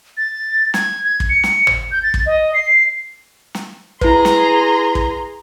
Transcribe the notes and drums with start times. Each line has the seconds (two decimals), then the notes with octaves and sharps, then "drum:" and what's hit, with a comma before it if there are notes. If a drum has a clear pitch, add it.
0.17 A6
0.74 G#6, drum: snare
1.04 G#6
1.20 drum: kick
1.29 C#7
1.44 drum: snare
1.67 drum: tom G#1
1.92 G6
2.03 A6
2.14 drum: kick
2.26 D#5
2.54 C7
3.55 drum: snare
4.01 E4 G#4 B4 A#5 C6, drum: kick
4.25 drum: snare
4.95 drum: kick